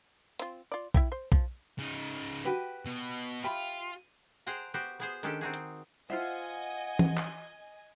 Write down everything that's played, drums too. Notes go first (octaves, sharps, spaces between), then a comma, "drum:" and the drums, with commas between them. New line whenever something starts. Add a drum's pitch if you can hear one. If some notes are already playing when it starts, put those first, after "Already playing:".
C4 F4, drum: hi-hat
F4 D5
E4 E5 G5, drum: kick B1
C5
F3, drum: kick B1
C#3 D#4
F#4 G4 B4
B2
F4 G4 E5 B5
G#4 C5 F#5 G5 A#5
B3 F#4 G4 C5
B3 G#4 C5
D#3 G#3 C#4 D4 G4 A4
C4 D#4 F#4 G#4
drum: hi-hat
F4 C5 D#5 E5 F#5 G#5
drum: tom E3
drum: clap